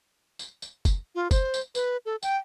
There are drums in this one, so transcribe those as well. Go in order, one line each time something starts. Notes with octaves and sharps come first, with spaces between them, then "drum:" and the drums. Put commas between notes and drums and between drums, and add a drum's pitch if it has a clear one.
drum: tambourine
drum: tambourine
drum: kick F#1, tambourine
F4
C5, drum: kick F#1, tambourine
drum: tambourine
B4, drum: tambourine
A4
G5, drum: tambourine